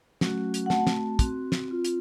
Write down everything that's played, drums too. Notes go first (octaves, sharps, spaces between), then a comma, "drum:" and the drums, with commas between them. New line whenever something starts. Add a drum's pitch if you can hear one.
F#3 A3 C#4 F#4, drum: snare
drum: hi-hat
F#5
A3 C4 F#4 A5, drum: snare
drum: snare
C4 F#4, drum: kick, hi-hat
drum: snare
C4 F4
drum: hi-hat